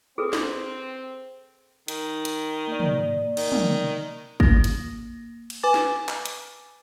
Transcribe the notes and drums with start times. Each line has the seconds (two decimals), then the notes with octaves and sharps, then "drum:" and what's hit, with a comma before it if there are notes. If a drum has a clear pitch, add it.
0.18 C4 G#4 A4 B4
0.33 drum: snare
1.88 D#3, drum: hi-hat
2.25 drum: hi-hat
2.67 A#3 D5
2.80 drum: tom
3.37 D#3, drum: cymbal
3.52 drum: tom
4.40 A#3 A#6, drum: kick
4.64 drum: hi-hat
5.50 drum: cymbal
5.63 B4 G#5 D6 A6
5.74 drum: snare
6.09 drum: clap
6.26 drum: hi-hat